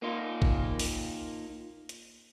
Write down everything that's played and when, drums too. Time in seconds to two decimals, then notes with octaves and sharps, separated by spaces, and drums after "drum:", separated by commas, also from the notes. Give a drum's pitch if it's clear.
0.02 A#3 D#4 F4
0.42 drum: kick G#1
0.79 drum: open hi-hat
1.89 drum: hi-hat